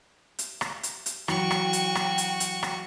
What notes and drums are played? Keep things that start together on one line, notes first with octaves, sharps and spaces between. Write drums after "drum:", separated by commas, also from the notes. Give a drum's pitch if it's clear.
drum: hi-hat
drum: rim click
drum: hi-hat
drum: hi-hat
E3 F#3 F#4 G5 C#6, drum: rim click
drum: rim click
drum: hi-hat
drum: rim click
drum: hi-hat
drum: hi-hat
drum: rim click